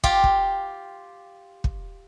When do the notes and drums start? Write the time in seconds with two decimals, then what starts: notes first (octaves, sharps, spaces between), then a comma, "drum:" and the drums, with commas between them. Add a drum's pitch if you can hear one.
0.04 F4 G4, drum: kick
0.24 drum: kick
1.64 drum: kick